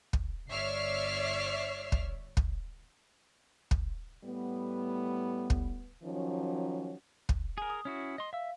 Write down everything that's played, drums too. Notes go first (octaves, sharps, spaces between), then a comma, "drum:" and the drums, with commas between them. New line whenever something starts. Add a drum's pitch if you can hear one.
drum: kick
G1 C#5 D5 E5 F6 C7
drum: kick
drum: kick
drum: kick
A2 G3 B3
drum: kick
D#3 F3 F#3 C#4
drum: kick
G#4 A#4 G#5
D#6
C#4 E4 F#4
D#5 C6
E5 F5 E6